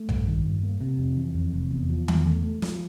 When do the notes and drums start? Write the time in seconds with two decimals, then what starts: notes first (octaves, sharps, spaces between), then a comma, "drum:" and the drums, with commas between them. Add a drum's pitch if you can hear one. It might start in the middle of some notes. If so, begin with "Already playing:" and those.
Already playing: A3
0.09 G2, drum: tom A#1
0.27 D#3
0.45 G2
0.63 A#3
0.81 C3
0.98 F2
1.17 E3
1.35 F2
1.53 F1
1.71 E2
1.90 F3
2.08 E2, drum: tom D#3
2.26 A3
2.43 A3
2.62 F3, drum: snare